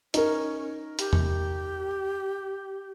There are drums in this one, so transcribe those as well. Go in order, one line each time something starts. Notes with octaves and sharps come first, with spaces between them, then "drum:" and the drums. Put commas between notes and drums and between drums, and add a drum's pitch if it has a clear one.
C#4 D#4 A#4, drum: hi-hat
G4, drum: hi-hat
drum: tom E2